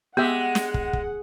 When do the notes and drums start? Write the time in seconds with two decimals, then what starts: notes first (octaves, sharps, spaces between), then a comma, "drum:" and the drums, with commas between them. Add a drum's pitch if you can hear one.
0.17 G#3 B3 G4 E5 F#5
0.55 drum: snare
0.74 drum: kick
0.93 drum: kick